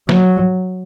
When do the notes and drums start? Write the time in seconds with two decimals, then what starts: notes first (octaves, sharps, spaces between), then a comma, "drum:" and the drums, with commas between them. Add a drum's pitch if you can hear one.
0.09 F#3, drum: snare